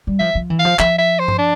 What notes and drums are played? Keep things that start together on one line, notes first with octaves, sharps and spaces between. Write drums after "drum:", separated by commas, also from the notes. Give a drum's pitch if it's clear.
G3
F3 E5
F3
E3
F5
F3
F3 E5, drum: clap
E5
C5
drum: tom G2
D4